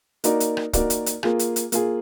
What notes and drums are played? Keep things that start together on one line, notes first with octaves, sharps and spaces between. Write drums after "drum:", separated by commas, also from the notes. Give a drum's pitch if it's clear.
A#3 D#4 F#4 A#4 D5, drum: hi-hat
drum: hi-hat
drum: rim click
A#3 D#4 F#4 A#4 D5, drum: kick, hi-hat
drum: hi-hat
drum: hi-hat
A#3 F4 G#4, drum: rim click
drum: hi-hat
drum: hi-hat
A#3 F4 G#4, drum: hi-hat